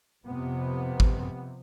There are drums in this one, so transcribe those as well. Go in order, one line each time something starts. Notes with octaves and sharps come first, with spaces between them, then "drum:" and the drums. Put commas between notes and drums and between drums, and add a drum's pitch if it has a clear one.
F2 C3 B3
drum: kick G#1